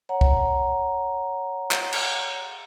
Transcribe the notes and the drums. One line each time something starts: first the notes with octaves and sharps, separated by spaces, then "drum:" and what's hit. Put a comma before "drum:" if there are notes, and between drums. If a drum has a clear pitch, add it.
C#5 F#5 A#5
drum: kick
drum: clap
drum: cymbal